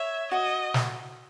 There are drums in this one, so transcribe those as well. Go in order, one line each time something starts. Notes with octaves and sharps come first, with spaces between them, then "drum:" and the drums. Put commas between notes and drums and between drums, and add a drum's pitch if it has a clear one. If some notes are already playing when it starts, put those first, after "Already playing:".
Already playing: C#5 E5
F#4 D#5
drum: snare